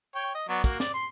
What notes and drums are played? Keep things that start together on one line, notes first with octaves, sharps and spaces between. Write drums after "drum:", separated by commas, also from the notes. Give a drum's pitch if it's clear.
C#5 G5
D#5
F#3 B3 D5
A#3 F#4, drum: kick, hi-hat
D5, drum: snare
C6